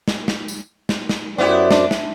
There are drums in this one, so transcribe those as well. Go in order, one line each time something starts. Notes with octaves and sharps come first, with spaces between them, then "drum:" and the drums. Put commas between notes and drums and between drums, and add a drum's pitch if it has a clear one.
drum: snare
drum: snare
drum: tambourine
drum: snare
drum: snare
F#2 B3 E4 G4 C5 D5
D4, drum: snare
drum: snare